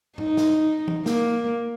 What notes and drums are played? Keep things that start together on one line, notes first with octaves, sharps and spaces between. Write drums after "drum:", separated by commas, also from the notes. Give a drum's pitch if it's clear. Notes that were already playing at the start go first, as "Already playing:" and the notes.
D#4, drum: tom G#2
drum: snare
drum: tom E3
A#3, drum: snare